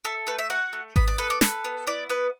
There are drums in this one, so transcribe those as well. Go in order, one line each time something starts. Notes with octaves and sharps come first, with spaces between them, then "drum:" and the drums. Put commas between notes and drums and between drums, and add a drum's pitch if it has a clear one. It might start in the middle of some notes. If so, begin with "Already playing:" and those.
A4 E5
A3 B4
E5
F#4 F#5
A3
B3 B5, drum: kick G#1
D5
A4 B4
D5
A4 B4, drum: snare
B3
E4 D5
B3 B4